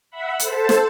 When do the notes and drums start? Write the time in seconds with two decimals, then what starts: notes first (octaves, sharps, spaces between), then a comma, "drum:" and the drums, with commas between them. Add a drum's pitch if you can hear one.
0.10 E5 F#5 B5
0.40 A4 C5 A5, drum: hi-hat
0.69 drum: snare